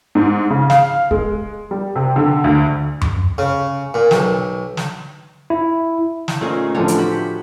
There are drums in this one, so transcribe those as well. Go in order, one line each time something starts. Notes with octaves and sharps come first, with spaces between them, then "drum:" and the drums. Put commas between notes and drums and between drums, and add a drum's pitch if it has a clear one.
G#2
C#3
F5, drum: snare
G#3, drum: kick
G3
C3
D3
D2
drum: tom F#2
C#3
A#2
B1, drum: snare
drum: snare
E4
drum: snare
A#2 A3 C4 C#4 D#4 G#4
A2 D3 E3 F3 D4 C#5
drum: hi-hat
F#4 G4 B5